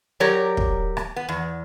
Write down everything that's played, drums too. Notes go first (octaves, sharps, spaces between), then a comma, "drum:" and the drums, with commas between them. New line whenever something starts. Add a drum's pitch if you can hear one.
F#3 G4 A#4 C#5 D5
drum: kick
drum: rim click
B3
E2